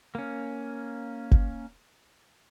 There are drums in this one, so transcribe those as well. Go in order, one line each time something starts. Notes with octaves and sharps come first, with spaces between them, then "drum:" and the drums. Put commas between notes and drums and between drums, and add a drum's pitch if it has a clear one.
A#3 C#4
drum: kick G#1